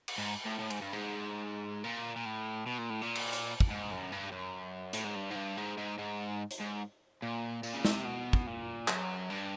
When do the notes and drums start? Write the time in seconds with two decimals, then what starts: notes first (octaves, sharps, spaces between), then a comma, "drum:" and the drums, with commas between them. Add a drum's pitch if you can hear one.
0.08 drum: cymbal
0.18 G#2
0.45 A2
0.59 A2
0.70 G#2, drum: cymbal
0.81 G2
0.93 G#2
1.84 A#2
2.16 A#2
2.25 A2
2.66 B2
2.78 A#2
2.90 A2
3.02 A#2
3.15 drum: cymbal
3.33 drum: hi-hat
3.60 drum: kick
3.70 G#2
3.91 F#2
4.12 G2
4.32 F#2
4.93 A2, drum: hi-hat
5.04 G#2
5.15 G2
5.30 G#2
5.35 G2
5.57 G#2
5.77 G#2
5.98 G#2
6.51 drum: hi-hat
6.60 G#2
7.22 A#2
7.63 A#2, drum: tambourine
7.74 C#3
7.85 C3, drum: snare
8.05 B2
8.33 drum: kick
8.47 A#2
8.88 F#2, drum: clap
9.30 G2